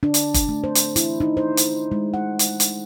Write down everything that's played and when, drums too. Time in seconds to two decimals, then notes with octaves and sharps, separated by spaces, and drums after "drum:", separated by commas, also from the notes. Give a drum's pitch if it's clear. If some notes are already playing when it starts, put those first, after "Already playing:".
0.03 D4
0.14 drum: hi-hat
0.34 drum: kick, hi-hat
0.49 A3
0.64 C5
0.75 drum: hi-hat
0.96 E4, drum: hi-hat
1.20 D#4
1.37 C5
1.57 drum: hi-hat
1.92 G#3
2.14 F#5
2.39 drum: hi-hat
2.60 drum: hi-hat